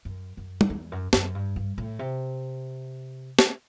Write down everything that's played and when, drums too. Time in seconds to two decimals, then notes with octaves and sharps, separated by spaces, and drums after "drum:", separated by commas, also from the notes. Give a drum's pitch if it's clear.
0.05 F#2
0.37 F#2
0.61 drum: tom
0.70 E2
0.92 F#2
1.13 F#2, drum: snare
1.35 G2
1.56 G2
1.78 A2
1.99 C3
3.39 drum: snare